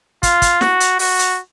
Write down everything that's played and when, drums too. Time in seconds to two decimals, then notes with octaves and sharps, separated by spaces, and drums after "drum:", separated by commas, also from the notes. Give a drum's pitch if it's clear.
0.23 F4, drum: kick, hi-hat
0.42 drum: kick, hi-hat
0.61 F#4, drum: snare
0.80 drum: hi-hat
0.99 F#4, drum: open hi-hat
1.19 drum: hi-hat